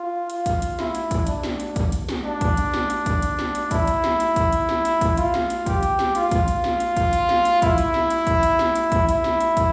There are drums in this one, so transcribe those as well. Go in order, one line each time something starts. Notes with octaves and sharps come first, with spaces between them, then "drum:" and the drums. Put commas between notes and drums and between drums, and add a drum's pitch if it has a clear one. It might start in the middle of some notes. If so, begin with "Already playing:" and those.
Already playing: F4
F4, drum: hi-hat
drum: kick, hi-hat
drum: hi-hat
E4, drum: snare
drum: hi-hat
drum: kick, hi-hat
D4, drum: hi-hat
drum: snare
drum: hi-hat
drum: kick, hi-hat
drum: hi-hat
drum: snare
D4
drum: kick, hi-hat
drum: hi-hat
drum: snare
drum: hi-hat
drum: kick, hi-hat
drum: hi-hat
drum: snare
drum: hi-hat
E4, drum: kick, hi-hat
drum: hi-hat
drum: snare
drum: hi-hat
drum: kick, hi-hat
drum: hi-hat
drum: snare
drum: hi-hat
drum: kick, hi-hat
F4, drum: hi-hat
drum: snare
drum: hi-hat
G4, drum: kick, hi-hat
drum: hi-hat
drum: snare
F4, drum: hi-hat
drum: kick, hi-hat
drum: hi-hat
drum: snare
drum: hi-hat
drum: kick, hi-hat
drum: hi-hat
drum: snare
drum: hi-hat
E4, drum: kick, hi-hat
drum: hi-hat
drum: snare
drum: hi-hat
drum: kick, hi-hat
drum: hi-hat
drum: snare
drum: hi-hat
drum: kick, hi-hat
E4, drum: hi-hat
drum: snare
drum: hi-hat
drum: kick, hi-hat